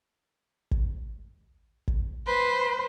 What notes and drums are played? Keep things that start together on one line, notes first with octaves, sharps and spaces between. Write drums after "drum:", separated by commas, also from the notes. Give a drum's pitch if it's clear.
drum: kick
drum: kick
B4 C5